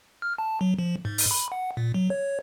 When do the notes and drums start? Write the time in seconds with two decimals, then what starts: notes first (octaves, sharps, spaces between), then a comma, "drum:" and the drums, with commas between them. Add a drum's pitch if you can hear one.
0.22 F6
0.38 A5
0.61 F#3
0.79 F3
1.05 G#2
1.18 drum: open hi-hat
1.31 B5
1.52 F#5
1.77 A#2
1.94 F#3
2.10 C#5